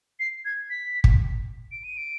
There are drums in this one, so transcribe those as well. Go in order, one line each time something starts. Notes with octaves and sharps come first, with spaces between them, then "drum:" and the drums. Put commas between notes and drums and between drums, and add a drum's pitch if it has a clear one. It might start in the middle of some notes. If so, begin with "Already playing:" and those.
C7
G#6
B6
drum: kick
D7
D#7
D7